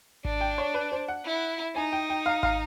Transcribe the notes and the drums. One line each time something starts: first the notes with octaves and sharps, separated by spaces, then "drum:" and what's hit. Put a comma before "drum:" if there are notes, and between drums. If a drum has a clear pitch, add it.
D4, drum: kick G#1
G5
C#5
B4
C5
F#5
E4
D#4 G#5
G5
G5
F5
F5, drum: kick G#1